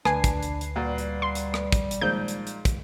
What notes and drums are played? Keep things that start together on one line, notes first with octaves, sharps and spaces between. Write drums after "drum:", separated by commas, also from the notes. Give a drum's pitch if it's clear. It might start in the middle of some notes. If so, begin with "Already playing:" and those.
D2 D4 B4 G#5 C7, drum: rim click
drum: kick, hi-hat
drum: hi-hat
drum: hi-hat
A#2 G3 F#4
drum: hi-hat
C6
drum: hi-hat
drum: rim click
drum: kick, hi-hat
drum: hi-hat
A#2 D#3 F3 G#3 G6
drum: hi-hat
drum: hi-hat
drum: kick, hi-hat